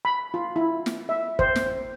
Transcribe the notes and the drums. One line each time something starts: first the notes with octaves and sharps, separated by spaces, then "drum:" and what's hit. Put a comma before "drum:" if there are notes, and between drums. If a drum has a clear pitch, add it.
B5
F4
E4
drum: snare
E5
C5, drum: kick
drum: snare